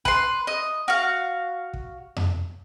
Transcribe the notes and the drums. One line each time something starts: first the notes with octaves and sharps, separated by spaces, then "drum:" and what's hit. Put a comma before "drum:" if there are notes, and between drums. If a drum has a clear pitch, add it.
B4 C6, drum: kick
D#5
F#4 F5
drum: kick
drum: tom F2